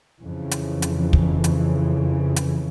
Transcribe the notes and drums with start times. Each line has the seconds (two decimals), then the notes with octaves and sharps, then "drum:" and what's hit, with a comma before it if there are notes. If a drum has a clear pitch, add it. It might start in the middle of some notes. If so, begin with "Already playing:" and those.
0.21 F2 C#3 E3
0.51 drum: hi-hat
0.82 drum: hi-hat
1.13 drum: kick
1.44 drum: hi-hat
2.36 drum: hi-hat